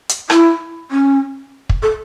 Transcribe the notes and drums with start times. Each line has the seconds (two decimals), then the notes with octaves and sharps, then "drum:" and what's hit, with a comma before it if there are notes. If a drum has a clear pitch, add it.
0.09 drum: hi-hat
0.30 E4, drum: rim click
0.91 C#4
1.69 drum: kick
1.82 A4